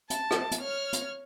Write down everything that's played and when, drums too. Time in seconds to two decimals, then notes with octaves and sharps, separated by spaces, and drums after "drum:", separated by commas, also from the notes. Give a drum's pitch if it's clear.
0.10 A5, drum: hi-hat
0.31 drum: rim click
0.51 drum: hi-hat
0.61 C#5 F6
0.93 drum: hi-hat